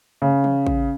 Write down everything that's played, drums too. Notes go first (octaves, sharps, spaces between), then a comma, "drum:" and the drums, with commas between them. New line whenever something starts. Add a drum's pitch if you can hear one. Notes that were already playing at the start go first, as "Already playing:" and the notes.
C#3
drum: tom
drum: kick A1